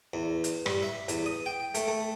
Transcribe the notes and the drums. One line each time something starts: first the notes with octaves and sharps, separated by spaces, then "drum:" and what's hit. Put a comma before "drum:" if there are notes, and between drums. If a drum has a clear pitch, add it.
E2
drum: hi-hat
G2, drum: rim click
E5
E2, drum: hi-hat
D#6
G5
A3, drum: hi-hat
A3